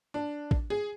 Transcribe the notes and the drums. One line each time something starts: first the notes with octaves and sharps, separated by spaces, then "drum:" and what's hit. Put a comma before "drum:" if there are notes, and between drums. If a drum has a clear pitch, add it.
D4
drum: kick
G#4